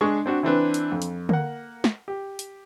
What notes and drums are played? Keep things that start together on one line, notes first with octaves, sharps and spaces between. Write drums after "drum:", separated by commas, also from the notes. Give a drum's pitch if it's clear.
G#3 D4 G#4 C#6
C4 D4 F#4
E3 C4 D4 B4
drum: hi-hat
F2
drum: hi-hat
A#3 F#5, drum: tom D3
drum: snare
G4
drum: hi-hat